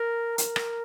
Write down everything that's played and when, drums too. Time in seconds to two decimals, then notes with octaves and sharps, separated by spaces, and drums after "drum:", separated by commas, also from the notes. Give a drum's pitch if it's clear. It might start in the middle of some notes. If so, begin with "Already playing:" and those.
Already playing: A#4
0.38 A#4, drum: hi-hat
0.56 drum: rim click